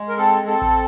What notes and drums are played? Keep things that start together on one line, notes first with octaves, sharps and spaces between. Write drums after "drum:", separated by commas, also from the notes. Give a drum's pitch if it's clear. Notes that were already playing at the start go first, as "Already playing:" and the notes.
Already playing: G#3
A#4
C4 A4
C4 A4
drum: kick A1